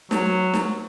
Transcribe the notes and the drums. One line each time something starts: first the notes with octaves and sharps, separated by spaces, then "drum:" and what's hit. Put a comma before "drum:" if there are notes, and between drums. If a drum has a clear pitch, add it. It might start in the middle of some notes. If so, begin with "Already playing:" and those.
F#3, drum: snare
drum: snare